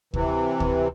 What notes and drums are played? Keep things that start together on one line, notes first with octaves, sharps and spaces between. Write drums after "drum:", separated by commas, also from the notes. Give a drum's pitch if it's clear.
C3 E3, drum: kick
drum: kick